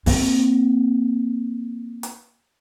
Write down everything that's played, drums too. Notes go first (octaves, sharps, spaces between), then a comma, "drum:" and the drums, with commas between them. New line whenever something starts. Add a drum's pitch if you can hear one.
A#3 C4, drum: open hi-hat
drum: hi-hat